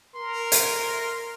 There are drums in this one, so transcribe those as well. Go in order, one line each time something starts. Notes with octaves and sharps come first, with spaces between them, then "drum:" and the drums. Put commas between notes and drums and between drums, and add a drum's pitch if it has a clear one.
A#4 C6
drum: hi-hat